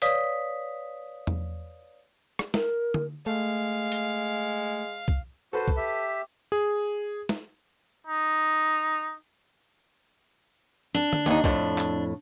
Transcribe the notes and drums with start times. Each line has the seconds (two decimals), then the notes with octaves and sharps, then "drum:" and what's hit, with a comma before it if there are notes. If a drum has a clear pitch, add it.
0.02 B4 C#5 D5 F5 D#6 B6, drum: hi-hat
1.27 drum: tom E2
2.39 drum: rim click
2.54 A#4, drum: snare
2.94 drum: tom
3.26 G#3 A3 F5
3.92 drum: hi-hat
5.08 drum: kick
5.53 F#4 A4 B4 C5 A5
5.68 drum: kick
5.77 G4 E5
6.52 G#4
7.29 drum: snare
8.07 D#4
10.95 D4
11.13 drum: tom
11.26 D#2 D#4, drum: hi-hat
11.44 F2 A2, drum: kick
11.78 drum: clap